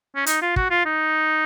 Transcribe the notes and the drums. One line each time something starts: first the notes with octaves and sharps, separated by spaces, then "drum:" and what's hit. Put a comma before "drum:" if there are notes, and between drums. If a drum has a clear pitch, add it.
C#4
D#4, drum: hi-hat
F4
F#4, drum: kick
F4
D#4